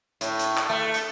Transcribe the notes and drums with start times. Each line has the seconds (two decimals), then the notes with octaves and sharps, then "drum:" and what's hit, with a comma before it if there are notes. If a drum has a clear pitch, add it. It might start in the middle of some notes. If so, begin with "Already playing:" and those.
0.21 A2, drum: hi-hat
0.39 drum: hi-hat
0.57 drum: clap
0.70 A3
0.94 drum: hi-hat